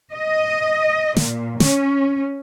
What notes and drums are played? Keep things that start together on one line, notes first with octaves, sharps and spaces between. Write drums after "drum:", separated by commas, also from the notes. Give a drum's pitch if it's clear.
D#5
A#2, drum: snare
C#4, drum: snare